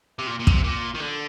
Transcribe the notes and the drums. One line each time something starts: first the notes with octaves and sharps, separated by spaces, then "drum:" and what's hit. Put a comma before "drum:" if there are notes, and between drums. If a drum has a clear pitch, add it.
C3
A#2
A#2
D3, drum: kick
C3
A#2
D#3
D3